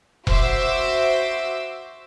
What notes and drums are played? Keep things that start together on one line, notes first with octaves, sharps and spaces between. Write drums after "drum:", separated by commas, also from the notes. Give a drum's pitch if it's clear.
F#4 C5 E5 C6 D6 E6, drum: kick E1